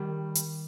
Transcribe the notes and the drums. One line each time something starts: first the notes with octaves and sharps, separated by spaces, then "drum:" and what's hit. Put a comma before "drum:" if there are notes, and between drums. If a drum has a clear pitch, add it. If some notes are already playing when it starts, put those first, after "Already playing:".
Already playing: D#3 G3
drum: hi-hat